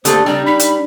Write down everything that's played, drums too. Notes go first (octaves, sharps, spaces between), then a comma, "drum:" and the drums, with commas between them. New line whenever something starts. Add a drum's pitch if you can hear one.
D3 A3 A#3 G4 A4 C5 D#6, drum: hi-hat
C#3 G3 C4 D4 D#4 D5
D4 D#4 B5
drum: hi-hat